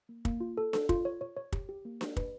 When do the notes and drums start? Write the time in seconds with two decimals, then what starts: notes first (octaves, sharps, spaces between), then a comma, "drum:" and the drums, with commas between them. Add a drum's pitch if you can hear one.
0.09 A#3
0.25 A#3, drum: kick
0.40 F4
0.57 A4
0.73 A4, drum: snare D4
0.89 F4, drum: kick
1.05 C#5
1.21 C#5
1.37 C#5
1.52 G4, drum: kick
1.69 G4
1.85 A#3
2.01 G4, drum: snare D4
2.17 B4, drum: kick